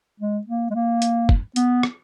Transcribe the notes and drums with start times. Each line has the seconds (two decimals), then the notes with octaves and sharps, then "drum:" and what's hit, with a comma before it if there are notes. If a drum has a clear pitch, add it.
0.20 G#3
0.47 A#3
0.70 G#3
0.75 A#3
1.02 drum: hi-hat
1.29 drum: kick
1.56 B3, drum: hi-hat
1.83 drum: rim click